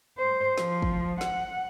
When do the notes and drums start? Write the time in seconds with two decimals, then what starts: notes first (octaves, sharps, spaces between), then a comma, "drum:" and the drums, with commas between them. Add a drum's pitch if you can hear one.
0.18 C5
0.58 F3, drum: snare
0.82 drum: kick
1.21 F#5, drum: snare